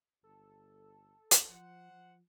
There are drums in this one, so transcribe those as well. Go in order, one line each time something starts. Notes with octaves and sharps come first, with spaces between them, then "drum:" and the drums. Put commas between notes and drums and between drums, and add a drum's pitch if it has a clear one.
G1 A4
drum: hi-hat
F3 C5 F#5
F3